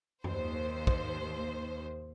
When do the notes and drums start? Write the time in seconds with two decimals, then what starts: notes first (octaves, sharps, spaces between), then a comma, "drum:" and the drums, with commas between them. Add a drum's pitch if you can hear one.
0.24 D#2 C5, drum: tom F#2
0.87 drum: kick